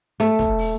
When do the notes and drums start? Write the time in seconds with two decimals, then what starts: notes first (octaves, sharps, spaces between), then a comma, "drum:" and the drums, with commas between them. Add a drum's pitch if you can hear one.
0.20 A3, drum: hi-hat
0.39 drum: kick, hi-hat
0.58 drum: open hi-hat